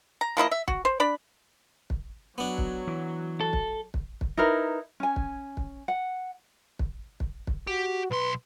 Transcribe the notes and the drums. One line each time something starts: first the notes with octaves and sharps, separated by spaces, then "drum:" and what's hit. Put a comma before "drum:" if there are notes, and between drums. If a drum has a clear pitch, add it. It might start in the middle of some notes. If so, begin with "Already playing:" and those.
A#5
F3 A#3 E4 D#5
E5
F#4, drum: kick
C5
D4 D5 B5
drum: kick
F#3 B3 D4
drum: kick
E3
A4
drum: kick
drum: kick
drum: kick
D#4 E4 A#4 B4
C#4 G#5
drum: kick
drum: kick
F#5
drum: kick
drum: kick
drum: kick
F#4 G4
B1 B4 C6